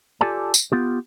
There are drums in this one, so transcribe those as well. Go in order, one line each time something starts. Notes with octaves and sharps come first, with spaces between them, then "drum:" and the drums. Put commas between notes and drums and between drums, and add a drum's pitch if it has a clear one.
F4 G4 A4 D5 G#5 A5
drum: tambourine
B3 F4 G4